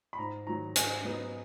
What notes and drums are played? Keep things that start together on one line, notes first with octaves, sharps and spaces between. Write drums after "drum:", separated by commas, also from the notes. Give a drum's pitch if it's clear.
B5
G#2 A#5
D#3 F#3 A#5
G#2 G#5, drum: hi-hat
F#3 B3 D#4